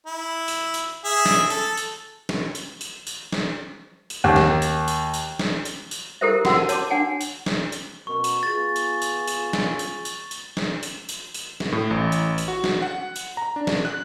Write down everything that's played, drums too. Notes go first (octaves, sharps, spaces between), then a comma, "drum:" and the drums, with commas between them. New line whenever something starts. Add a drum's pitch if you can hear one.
E4
drum: tambourine
drum: tambourine
G#4 E5
drum: snare
A4, drum: tambourine
drum: tambourine
drum: snare
drum: tambourine
drum: tambourine
drum: tambourine
drum: snare
drum: tambourine
D#2
drum: snare
drum: tambourine
drum: tambourine
drum: tambourine
drum: snare
drum: tambourine
drum: tambourine
E4 G4 A4 A#4 C5 E5
F#4 F#5 C6 E6, drum: snare
A5
C#5 A5 C6 D6, drum: tambourine
D4 F#5 G#5 A5
drum: tambourine
drum: snare
drum: tambourine
F#2 B2 A#4 C#6
drum: tambourine
B3 F4 G#4 A6
drum: tambourine
drum: tambourine
drum: tambourine
drum: snare
drum: tambourine
drum: tambourine
drum: tambourine
drum: snare
drum: tambourine
drum: tambourine
drum: tambourine
drum: snare
A2
A1
drum: tambourine
drum: tambourine
F#4
drum: snare
F#5
drum: tambourine
A#5
D4
drum: snare
F#6